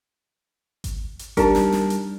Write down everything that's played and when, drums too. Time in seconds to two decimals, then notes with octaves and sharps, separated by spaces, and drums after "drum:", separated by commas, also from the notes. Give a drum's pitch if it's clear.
0.84 drum: kick G#1, hi-hat
1.19 drum: hi-hat
1.37 G3 D4 D#4 G4 A#4 A5, drum: kick G#1, hi-hat
1.55 drum: snare
1.72 drum: snare
1.90 drum: hi-hat